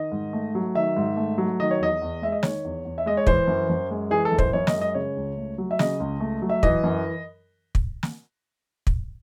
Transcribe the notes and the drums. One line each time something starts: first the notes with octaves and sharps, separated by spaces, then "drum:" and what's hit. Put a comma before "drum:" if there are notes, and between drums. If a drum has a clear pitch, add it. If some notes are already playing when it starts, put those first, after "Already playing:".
Already playing: D#3 D#5
G#2
A3
F#3
D#3 E5
G#2
A3
F#3
D#3 D#5
C#5
E2 D#5
E2
G#3 E5
D#5
D#3 C#5, drum: snare
E2
E2
E5
G#3 D#5
C#5
E3 C5, drum: kick
F#2
F#2
G#3
E3 G#4
A4
F#2
C5, drum: kick
F#2 C#5
D#5, drum: snare
G#3
D#5
C#3 C#5
C#2
A3
F#3
E5
C#3 D#5, drum: snare
C#2
A3
F#3
E5
E3 D#5, drum: kick
F#2
drum: kick
drum: snare
drum: kick